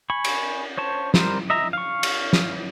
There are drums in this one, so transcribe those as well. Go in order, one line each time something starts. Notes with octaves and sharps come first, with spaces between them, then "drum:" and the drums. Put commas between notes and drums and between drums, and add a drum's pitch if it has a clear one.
G#5 B5 C#6
drum: cymbal
C5 C#5 A5
G3 A#4 C5, drum: snare
D#5 E5 A#5
F5 C#6
drum: cymbal
drum: snare